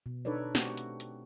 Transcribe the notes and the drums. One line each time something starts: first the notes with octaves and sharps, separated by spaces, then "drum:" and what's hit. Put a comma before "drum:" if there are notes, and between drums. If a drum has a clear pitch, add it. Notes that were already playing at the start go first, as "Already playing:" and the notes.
B2
D4 D#4 A4 B4 C#5 D5
A3 C4 F#4 G4, drum: snare
drum: hi-hat
drum: hi-hat